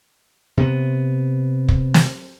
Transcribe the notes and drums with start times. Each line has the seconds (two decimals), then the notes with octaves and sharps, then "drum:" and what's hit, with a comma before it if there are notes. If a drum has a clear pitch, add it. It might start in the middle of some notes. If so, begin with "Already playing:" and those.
0.57 C3 B3
1.69 drum: kick
1.94 drum: snare